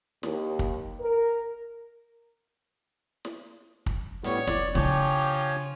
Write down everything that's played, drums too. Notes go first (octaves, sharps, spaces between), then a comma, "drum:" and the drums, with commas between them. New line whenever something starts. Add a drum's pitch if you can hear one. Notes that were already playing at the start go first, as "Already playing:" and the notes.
D#2, drum: snare
drum: kick
A#4
drum: snare
drum: kick
A2 G3 B3 C#5, drum: hi-hat
F1 D5, drum: snare
C#3 F3 D4 G4 C#5 G#5, drum: snare